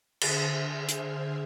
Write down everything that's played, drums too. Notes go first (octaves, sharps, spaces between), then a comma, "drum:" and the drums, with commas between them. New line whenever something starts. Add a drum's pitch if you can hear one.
D3 G#4 C5 E5 C6 F6, drum: cymbal
drum: hi-hat